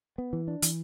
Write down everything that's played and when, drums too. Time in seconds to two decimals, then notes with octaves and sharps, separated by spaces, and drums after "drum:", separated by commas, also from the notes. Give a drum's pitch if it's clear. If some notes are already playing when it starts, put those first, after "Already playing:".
0.18 B3
0.33 E3
0.48 D4
0.62 E3, drum: hi-hat